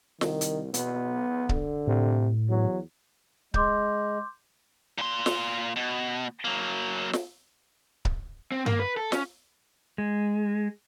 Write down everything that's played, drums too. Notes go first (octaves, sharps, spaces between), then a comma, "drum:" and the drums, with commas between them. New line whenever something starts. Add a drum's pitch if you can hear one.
C2 D#3, drum: snare
drum: hi-hat
B2 B3, drum: hi-hat
D3, drum: kick C#1
A2 C3
E2 F#3
G#3 C6 D6 G6, drum: kick C#1
A#2 C6
drum: snare
B2
F#3 A#3
drum: snare
drum: kick C#1
C4
A#3, drum: tom G2
B4
A4
C#4, drum: snare
G#3